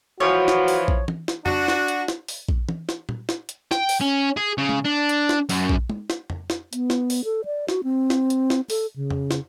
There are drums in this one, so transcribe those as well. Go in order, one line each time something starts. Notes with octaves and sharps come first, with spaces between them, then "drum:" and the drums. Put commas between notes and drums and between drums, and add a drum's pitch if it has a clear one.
E3 F3 F#4 C#5
drum: snare
drum: open hi-hat
drum: kick A#1
drum: tom E3
drum: snare
D4 F#4, drum: tom F2
drum: snare
drum: hi-hat
drum: snare
drum: open hi-hat
drum: kick A#1
drum: tom E3
drum: snare
drum: tom A#2
drum: snare
drum: hi-hat
G5, drum: snare
drum: open hi-hat
C#4
G#4
C#3
drum: tom
D4
drum: hi-hat
drum: snare
F#2, drum: open hi-hat
drum: kick A#1
drum: tom
drum: snare
drum: tom F2
drum: snare
B3, drum: hi-hat
drum: snare
drum: open hi-hat
A4
D5
F#4, drum: snare
C4
drum: snare
drum: hi-hat
drum: snare
A4, drum: open hi-hat
C#3
drum: tom F2
drum: snare